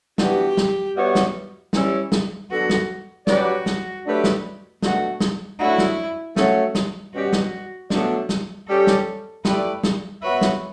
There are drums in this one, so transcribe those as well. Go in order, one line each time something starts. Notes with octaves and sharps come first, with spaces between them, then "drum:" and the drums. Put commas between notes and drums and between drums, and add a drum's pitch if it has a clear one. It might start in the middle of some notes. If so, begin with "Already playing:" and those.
E3 B3 D4 F#4 G4, drum: snare
drum: snare
G3 B3 F#4 C#5 E5
drum: snare
E3 G3 C#4 E4, drum: snare
drum: snare
D3 F#3 B3 D4 F#4 A4
drum: snare
F#3 C#4 F#4 G4 B4 D5, drum: snare
drum: snare
F#3 A3 D4 G4 B4
drum: snare
B2 A3 D4 F#4, drum: snare
drum: snare
F#3 A3 D4 E4 F#4
drum: snare
F#3 A3 C#4 F#4 C#5, drum: snare
drum: snare
B2 G3 C#4 F#4 G4
drum: snare
B2 F#3 A3 D4, drum: snare
drum: snare
G3 C#4 G4 A4
drum: snare
A3 E4 G4 B4 D5, drum: snare
drum: snare
B3 F#4 B4 C#5 E5
drum: snare